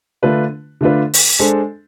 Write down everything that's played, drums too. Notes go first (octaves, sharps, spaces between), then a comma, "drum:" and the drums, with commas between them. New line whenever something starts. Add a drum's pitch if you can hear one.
D3 A3 D4 F4 B4
D3 A3 D4 F4 B4
drum: open hi-hat
G#3 D4 A4 C5